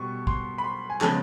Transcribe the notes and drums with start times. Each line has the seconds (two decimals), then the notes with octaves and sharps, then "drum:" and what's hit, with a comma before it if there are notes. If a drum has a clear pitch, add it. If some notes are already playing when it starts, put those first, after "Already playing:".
Already playing: B2 G3 B3 C#6
0.27 C6, drum: kick
0.58 B5
0.64 C6
0.90 G#5
1.01 C#3 F3 G#3 B3 A5, drum: clap